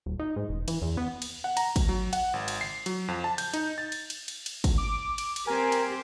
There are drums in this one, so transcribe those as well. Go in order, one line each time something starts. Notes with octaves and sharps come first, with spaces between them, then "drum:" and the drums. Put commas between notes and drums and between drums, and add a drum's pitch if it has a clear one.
D#1
D#4
G#2
E1
E3, drum: cymbal
E2
B3
drum: cymbal
F#5
A#5, drum: cymbal
drum: kick, cymbal
F#3
F#5, drum: cymbal
G#1
drum: cymbal
C7
F#3, drum: cymbal
F2
A5
G6, drum: cymbal
D#4, drum: cymbal
A6
drum: cymbal
drum: cymbal
drum: cymbal
drum: cymbal
drum: kick, cymbal
D6
drum: cymbal
drum: cymbal
C4 G4 A#4 G#5
drum: cymbal